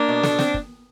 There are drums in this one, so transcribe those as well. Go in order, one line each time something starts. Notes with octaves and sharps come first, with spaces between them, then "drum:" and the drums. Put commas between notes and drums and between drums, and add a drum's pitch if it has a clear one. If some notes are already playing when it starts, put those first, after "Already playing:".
Already playing: A#3 D4
B2
A4, drum: snare
C4, drum: snare
drum: kick